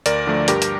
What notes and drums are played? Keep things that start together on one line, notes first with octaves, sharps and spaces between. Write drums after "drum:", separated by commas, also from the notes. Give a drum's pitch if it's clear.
D2 A#4 D5, drum: hi-hat
D3 F3 A3
G2 G4 A#4, drum: hi-hat
drum: hi-hat